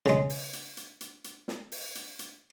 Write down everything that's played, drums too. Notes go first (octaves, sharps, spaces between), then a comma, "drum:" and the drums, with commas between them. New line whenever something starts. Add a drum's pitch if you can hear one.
C#3 G#3, drum: snare
drum: open hi-hat
drum: hi-hat
drum: hi-hat
drum: hi-hat
drum: hi-hat
drum: snare
drum: open hi-hat
drum: hi-hat
drum: hi-hat